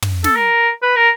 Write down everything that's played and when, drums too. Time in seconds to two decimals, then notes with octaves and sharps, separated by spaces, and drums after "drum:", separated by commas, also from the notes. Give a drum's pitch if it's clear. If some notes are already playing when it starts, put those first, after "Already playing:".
0.02 drum: tom
0.24 A4, drum: snare
0.36 A#4
0.82 B4
0.96 A#4